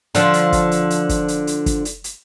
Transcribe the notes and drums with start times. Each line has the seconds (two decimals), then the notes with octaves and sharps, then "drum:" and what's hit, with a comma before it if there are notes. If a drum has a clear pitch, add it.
0.15 D3 F3, drum: hi-hat
0.34 drum: hi-hat
0.53 drum: kick, hi-hat
0.71 drum: hi-hat
0.90 drum: hi-hat
1.09 drum: kick, hi-hat
1.28 drum: hi-hat
1.47 drum: hi-hat
1.66 drum: kick, hi-hat
1.85 drum: hi-hat
2.04 drum: hi-hat